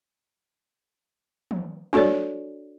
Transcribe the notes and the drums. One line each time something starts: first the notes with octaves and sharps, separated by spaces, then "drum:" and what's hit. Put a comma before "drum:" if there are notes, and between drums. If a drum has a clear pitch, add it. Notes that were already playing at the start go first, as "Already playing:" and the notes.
drum: tom
D4 F#4 A4 C#5 D5, drum: tom